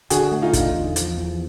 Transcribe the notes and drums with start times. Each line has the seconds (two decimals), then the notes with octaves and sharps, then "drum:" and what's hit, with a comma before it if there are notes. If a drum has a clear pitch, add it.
0.10 D3 F#4 G#4, drum: hi-hat
0.32 A3
0.42 D#4 F4
0.53 D3, drum: kick, hi-hat
0.74 E2
0.96 F3, drum: hi-hat
1.17 E2